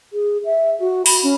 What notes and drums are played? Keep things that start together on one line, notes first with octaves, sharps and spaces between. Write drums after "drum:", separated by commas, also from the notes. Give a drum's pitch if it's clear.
G#4
E5
F#4
B5, drum: open hi-hat
C#4